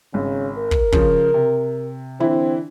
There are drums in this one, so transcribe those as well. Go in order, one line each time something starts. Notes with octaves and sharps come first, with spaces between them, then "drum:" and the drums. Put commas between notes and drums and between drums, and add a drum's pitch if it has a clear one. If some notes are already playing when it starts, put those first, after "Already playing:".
G#1 C#3
A#4
drum: kick
C#3 F3, drum: kick
C3
D3 E3 C4 E4